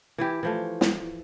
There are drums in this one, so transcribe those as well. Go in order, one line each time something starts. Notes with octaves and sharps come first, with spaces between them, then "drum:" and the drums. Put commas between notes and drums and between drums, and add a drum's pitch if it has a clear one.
E3 E4 G4
E3 F3 A3
drum: snare